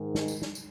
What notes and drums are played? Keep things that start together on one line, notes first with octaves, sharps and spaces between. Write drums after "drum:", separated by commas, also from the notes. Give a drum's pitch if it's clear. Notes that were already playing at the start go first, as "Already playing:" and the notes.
Already playing: G#2 D#3 G#3
drum: snare
drum: tambourine
drum: snare
drum: tambourine